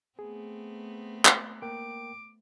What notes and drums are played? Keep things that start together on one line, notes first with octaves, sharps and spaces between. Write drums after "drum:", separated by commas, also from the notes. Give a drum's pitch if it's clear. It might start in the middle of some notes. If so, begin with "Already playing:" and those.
A3 B3 C4 G#4
drum: clap
A#3 A#4 G5 D6